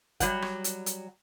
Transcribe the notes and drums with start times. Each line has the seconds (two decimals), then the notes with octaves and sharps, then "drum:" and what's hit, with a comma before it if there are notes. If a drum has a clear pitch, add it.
0.20 F#3 G3 F#5, drum: kick, hi-hat
0.42 drum: rim click
0.64 drum: hi-hat
0.86 drum: hi-hat